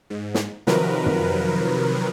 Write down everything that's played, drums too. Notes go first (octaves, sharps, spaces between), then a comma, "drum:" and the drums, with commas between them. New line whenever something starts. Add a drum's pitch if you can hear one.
G#2
drum: snare
C3 D#3 F3 F#3 A#4 B4, drum: snare
drum: tom